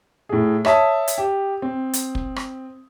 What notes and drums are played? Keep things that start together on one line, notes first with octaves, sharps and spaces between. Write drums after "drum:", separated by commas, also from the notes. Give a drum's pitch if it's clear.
A2 G#4
C#5 E5 A5 D#6, drum: rim click
drum: hi-hat
G4
C4
drum: hi-hat
drum: kick
drum: rim click